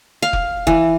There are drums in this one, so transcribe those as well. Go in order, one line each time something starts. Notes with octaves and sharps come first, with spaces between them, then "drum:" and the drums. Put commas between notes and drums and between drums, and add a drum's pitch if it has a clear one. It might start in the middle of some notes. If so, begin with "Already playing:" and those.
F5
drum: kick F1
E3, drum: kick F1